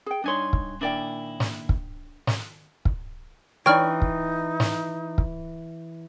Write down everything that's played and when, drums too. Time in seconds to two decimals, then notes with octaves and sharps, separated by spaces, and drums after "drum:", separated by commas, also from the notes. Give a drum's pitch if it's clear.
0.06 G#4 G5
0.24 G2 D4 D#4 C#5 G#5 C6
0.53 drum: kick
0.81 A#2 D#3 D4 E4 D5 G5
1.40 drum: snare
1.69 drum: kick
2.27 drum: snare
2.85 drum: kick
3.66 E3 D4 D#4 C#5 G5 F6
4.02 drum: kick
4.60 drum: snare
5.18 drum: kick